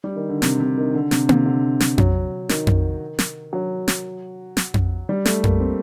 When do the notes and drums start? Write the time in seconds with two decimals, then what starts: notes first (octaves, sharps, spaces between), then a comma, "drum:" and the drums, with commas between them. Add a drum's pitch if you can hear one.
0.04 G3
0.16 D#3
0.29 D3
0.42 C3, drum: snare
0.60 C3
0.78 D#3
0.95 D3
1.11 C3, drum: snare
1.29 C3, drum: tom A#3
1.46 D3
1.80 drum: snare
1.98 F#3, drum: tom F2
2.49 D#3, drum: snare
2.67 drum: tom F2
3.19 drum: snare
3.53 F#3
3.88 drum: snare
4.57 drum: snare
4.74 drum: tom F2
5.09 G3
5.26 A3, drum: snare
5.44 A#3, drum: tom F2
5.60 C4